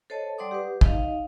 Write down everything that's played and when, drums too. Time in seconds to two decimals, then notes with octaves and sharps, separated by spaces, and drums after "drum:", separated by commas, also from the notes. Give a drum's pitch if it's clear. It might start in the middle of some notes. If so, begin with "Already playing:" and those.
0.10 A4 C5 C#5 D#5 A5
0.38 G3 D5 F#5 C6 D6 D#6
0.51 G4 B4
0.81 D#4 D#5 F5, drum: kick